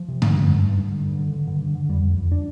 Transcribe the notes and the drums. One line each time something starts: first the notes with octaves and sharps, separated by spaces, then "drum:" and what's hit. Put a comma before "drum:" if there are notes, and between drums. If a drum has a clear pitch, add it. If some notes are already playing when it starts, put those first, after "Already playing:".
Already playing: F3
C3
D3, drum: tom G2
G2
G2
G2
G2
D3
G2
D3
D3
G2 D3
D3
D3
F2 G3
F2
F2
D4